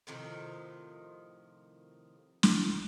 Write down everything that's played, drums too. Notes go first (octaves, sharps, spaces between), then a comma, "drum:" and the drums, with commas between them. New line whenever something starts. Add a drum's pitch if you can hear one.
A2 C3 D#3 F3
drum: snare